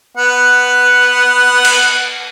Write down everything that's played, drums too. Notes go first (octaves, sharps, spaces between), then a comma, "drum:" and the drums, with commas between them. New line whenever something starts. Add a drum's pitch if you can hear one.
B3 F#5
drum: cymbal